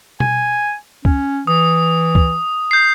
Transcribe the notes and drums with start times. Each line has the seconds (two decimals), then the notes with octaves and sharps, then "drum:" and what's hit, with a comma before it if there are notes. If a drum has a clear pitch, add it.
0.20 G#5, drum: tom B2
1.05 C#4, drum: kick C#2
1.47 E3 D#6
2.15 drum: kick C#2
2.71 G6 C7